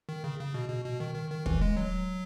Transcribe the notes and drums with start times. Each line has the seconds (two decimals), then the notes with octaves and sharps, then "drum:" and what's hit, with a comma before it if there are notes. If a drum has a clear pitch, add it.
0.09 D#3
0.24 C#3
0.39 C#3
0.54 B2
0.69 B2
0.85 B2
1.00 D#3
1.15 D#3
1.30 D#3
1.46 E3, drum: kick
1.61 G#3
1.77 F#3